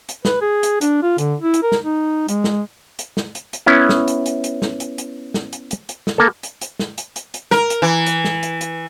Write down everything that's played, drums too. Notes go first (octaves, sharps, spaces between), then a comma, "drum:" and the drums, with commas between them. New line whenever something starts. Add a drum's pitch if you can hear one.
drum: hi-hat
B4, drum: snare
G#4
drum: hi-hat
D4, drum: hi-hat
F4
D3, drum: hi-hat
E4
drum: hi-hat
A#4
drum: snare
D#4
G#3, drum: hi-hat
drum: snare
drum: hi-hat
drum: snare
drum: hi-hat
drum: hi-hat
B3 C#4 E4
drum: snare
drum: hi-hat
drum: hi-hat
drum: hi-hat
drum: snare
drum: hi-hat
drum: hi-hat
drum: snare
drum: hi-hat
drum: hi-hat
drum: hi-hat
drum: snare
A#3 A4
drum: hi-hat
drum: hi-hat
drum: snare
drum: hi-hat
drum: hi-hat
drum: hi-hat
A#4, drum: snare
drum: hi-hat
E3
drum: hi-hat
drum: snare
drum: hi-hat
drum: hi-hat